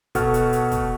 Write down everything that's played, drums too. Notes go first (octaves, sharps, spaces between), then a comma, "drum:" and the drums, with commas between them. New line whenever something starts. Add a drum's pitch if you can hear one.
B2 A4 F#5 C#6 F6, drum: kick, hi-hat
drum: hi-hat
drum: hi-hat
drum: kick, hi-hat